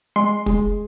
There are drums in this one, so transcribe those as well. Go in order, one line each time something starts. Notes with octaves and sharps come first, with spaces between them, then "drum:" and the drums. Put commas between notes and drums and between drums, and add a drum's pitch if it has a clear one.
G#3 C6
G#3, drum: kick